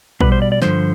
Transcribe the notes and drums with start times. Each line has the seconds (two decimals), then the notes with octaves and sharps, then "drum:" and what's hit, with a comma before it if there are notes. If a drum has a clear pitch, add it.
0.21 B2 G3 B4, drum: kick A#1
0.32 C5
0.42 D5
0.52 D5
0.62 G2 D3 F3 C5, drum: snare